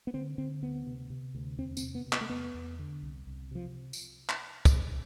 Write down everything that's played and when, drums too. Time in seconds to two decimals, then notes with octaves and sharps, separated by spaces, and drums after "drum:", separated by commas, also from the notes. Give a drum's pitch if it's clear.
0.07 B3
0.14 D3 C4
0.38 D3 C4
0.62 D2 B3
0.86 C3
1.10 C3
1.35 D2
1.58 E2 C4
1.77 C4, drum: tambourine
1.82 C3
1.95 B3
2.06 C3
2.13 B3, drum: clap
2.21 A3
2.30 E2 B3
2.54 E2
2.79 D3
3.02 C2
3.27 C2
3.51 C3 F3
3.93 drum: tambourine
4.29 drum: clap
4.65 drum: kick, tambourine